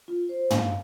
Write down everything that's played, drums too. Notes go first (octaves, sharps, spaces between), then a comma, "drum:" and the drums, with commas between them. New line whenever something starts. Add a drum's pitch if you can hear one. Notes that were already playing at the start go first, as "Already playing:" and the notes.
F4
C5
F5, drum: tom